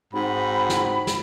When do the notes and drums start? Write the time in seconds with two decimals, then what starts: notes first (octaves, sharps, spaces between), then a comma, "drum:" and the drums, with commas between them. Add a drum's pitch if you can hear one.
0.13 G#2 C4 F#4 B5
0.70 drum: snare
1.07 drum: snare